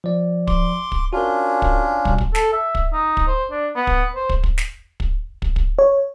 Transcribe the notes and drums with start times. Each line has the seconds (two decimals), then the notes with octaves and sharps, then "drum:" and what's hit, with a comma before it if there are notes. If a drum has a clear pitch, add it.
0.04 F3 D5
0.47 C6 D6, drum: kick
0.92 drum: kick
1.13 C#4 D4 F4 F#4 A#4
1.62 drum: kick
2.05 B2 G3, drum: kick
2.18 drum: kick
2.35 A4, drum: snare
2.52 E5
2.75 drum: kick
2.93 D#4
3.17 drum: kick
3.27 C5
3.51 D4
3.76 B3
3.87 drum: kick
4.15 C5
4.29 drum: kick
4.43 drum: kick
4.58 drum: snare
5.00 drum: kick
5.42 drum: kick
5.56 drum: kick
5.79 C#5